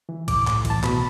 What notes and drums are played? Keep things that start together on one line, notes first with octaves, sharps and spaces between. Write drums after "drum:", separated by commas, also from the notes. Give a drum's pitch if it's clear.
E3
A2 D6, drum: kick, cymbal
D6
A2, drum: clap
E3, drum: kick, cymbal
A5
B2 B5, drum: clap